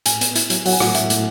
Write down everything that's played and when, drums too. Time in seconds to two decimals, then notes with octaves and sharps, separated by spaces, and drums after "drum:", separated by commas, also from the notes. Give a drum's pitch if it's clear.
0.06 A2 G#5, drum: hi-hat
0.21 B3, drum: hi-hat
0.35 E4, drum: hi-hat
0.50 F#3, drum: hi-hat
0.65 F#3 F#5, drum: open hi-hat
0.72 G#5
0.80 A2 F#5, drum: rim click
0.95 A2 E5, drum: hi-hat
1.10 A2, drum: hi-hat